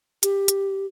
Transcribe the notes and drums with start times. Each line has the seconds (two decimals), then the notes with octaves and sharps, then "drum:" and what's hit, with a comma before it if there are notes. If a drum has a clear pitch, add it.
0.23 G4, drum: hi-hat
0.48 drum: hi-hat